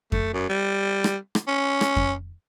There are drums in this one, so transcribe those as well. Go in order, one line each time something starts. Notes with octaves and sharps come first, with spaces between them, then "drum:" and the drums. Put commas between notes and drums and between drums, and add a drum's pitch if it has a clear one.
A3, drum: kick F2
F#2
G3
drum: rim click
drum: rim click
C#4
drum: rim click
drum: kick F2